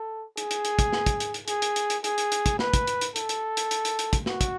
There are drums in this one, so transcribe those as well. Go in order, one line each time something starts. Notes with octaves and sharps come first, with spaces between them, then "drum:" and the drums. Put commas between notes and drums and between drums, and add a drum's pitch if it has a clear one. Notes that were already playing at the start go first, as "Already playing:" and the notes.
Already playing: A4
G#4, drum: hi-hat
drum: hi-hat
drum: hi-hat
drum: kick, hi-hat
drum: snare
drum: kick, hi-hat
drum: hi-hat
drum: hi-hat
G#4, drum: hi-hat
drum: hi-hat
drum: hi-hat
drum: hi-hat
G#4, drum: hi-hat
drum: hi-hat
drum: hi-hat
drum: kick, hi-hat
B4, drum: snare
drum: kick, hi-hat
drum: hi-hat
drum: hi-hat
A4, drum: hi-hat
drum: hi-hat
drum: hi-hat
drum: hi-hat
drum: hi-hat
drum: hi-hat
drum: kick, hi-hat
F#4, drum: snare
drum: kick, hi-hat